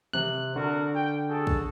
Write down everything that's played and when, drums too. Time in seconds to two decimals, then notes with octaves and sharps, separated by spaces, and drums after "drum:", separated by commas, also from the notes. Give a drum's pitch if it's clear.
0.13 C3 F#6, drum: tom D3
0.56 D3 F#4 A4 A#4
0.95 G5
1.28 F#4 G#4 A4
1.47 drum: kick